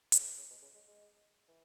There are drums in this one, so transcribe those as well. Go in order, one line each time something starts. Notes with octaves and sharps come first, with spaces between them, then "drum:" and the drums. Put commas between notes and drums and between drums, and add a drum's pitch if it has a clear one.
F#3, drum: hi-hat
C#3
E3
C#3
B2
C#3
G#3
G#3
E3